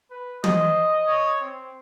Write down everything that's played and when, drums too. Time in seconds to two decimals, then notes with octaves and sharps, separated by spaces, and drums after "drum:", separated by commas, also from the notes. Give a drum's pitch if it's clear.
0.11 B4
0.44 C5 D#5, drum: tom
1.07 C#5
1.41 C4